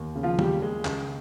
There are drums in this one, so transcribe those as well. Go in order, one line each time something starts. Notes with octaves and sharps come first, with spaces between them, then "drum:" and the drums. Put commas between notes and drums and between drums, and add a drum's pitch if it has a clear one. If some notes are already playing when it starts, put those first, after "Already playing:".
Already playing: D#2
C#3
F3 F4
D#2 G3 G4, drum: tom
G#3
C#2, drum: clap